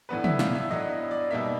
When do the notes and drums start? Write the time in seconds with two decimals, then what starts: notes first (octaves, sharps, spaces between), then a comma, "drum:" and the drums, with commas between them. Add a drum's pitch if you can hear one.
0.09 A2 F#3 B3 D4 B4
0.24 E5, drum: tom
0.39 F5, drum: snare
0.55 E5
0.70 A2 F#3 B3 D4 D#5
1.11 D5
1.31 B2 G3 A#3 D#4 E5